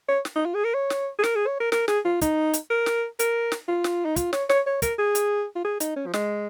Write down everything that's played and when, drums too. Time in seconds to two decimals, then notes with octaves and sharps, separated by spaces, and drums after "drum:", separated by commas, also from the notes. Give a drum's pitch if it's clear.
0.08 C#5
0.25 drum: snare
0.36 D#4
0.45 F4
0.54 G#4
0.64 A#4
0.74 C#5
0.90 drum: snare
1.19 G#4
1.24 A#4, drum: snare
1.36 G#4
1.47 C#5
1.60 A#4
1.72 A#4, drum: snare
1.88 G#4, drum: snare
2.05 F4
2.22 D#4, drum: kick, hi-hat
2.54 drum: hi-hat
2.70 A#4
2.86 drum: snare
3.19 A#4, drum: hi-hat
3.52 drum: snare
3.68 F4
3.84 drum: snare
4.05 D#4
4.16 F4, drum: kick, hi-hat
4.33 C#5, drum: snare
4.49 C#5, drum: snare
4.66 C#5
4.82 A#4, drum: kick, hi-hat
4.99 G#4
5.15 drum: hi-hat
5.55 F4
5.65 G#4
5.80 D#4, drum: hi-hat
5.96 C#4
6.06 F3
6.14 G#3, drum: snare